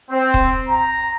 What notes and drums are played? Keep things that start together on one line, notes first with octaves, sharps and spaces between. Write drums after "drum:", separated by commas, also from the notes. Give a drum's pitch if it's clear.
C4
drum: kick
A#5